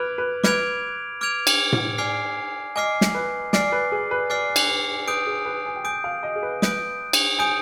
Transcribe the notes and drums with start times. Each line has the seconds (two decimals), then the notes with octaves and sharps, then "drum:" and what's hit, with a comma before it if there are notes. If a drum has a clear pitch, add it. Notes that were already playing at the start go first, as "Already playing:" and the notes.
Already playing: B4 D6 F6 G#6 D7 F7
0.18 B4
0.44 B4 D6 F6 G#6 D7 F7, drum: snare
1.21 D6 F6 G#6 D7 F7
1.47 drum: cymbal
1.73 drum: tom A2
1.98 D5 G#5 D6 F6 C7
2.76 D#5 G#5 D6 F6 C7
3.01 drum: snare
3.14 B4
3.53 D5 G#5 D6 F6 C7, drum: snare
3.72 B4
3.92 G#4
4.11 B4
4.30 D5 G#5 D6 F6 C7
4.56 drum: cymbal
4.69 B4
5.07 B4 D#6 G6 D7
5.27 G#4
5.45 B4
5.66 G#5
5.76 G5
5.84 G#5 D#6 G6 D7
6.04 F5
6.23 D#5
6.35 G#4
6.43 B4
6.62 B4 D#6 G6 D7, drum: snare
7.13 drum: cymbal
7.39 G#5 D#6 G6 D7